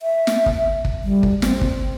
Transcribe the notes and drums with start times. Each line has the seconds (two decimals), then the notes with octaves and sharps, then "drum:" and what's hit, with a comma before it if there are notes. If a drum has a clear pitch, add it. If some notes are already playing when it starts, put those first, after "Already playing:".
0.02 E5
0.27 drum: snare
0.46 drum: kick
0.85 drum: kick
1.04 G3
1.23 drum: kick
1.42 C4, drum: snare
1.61 drum: kick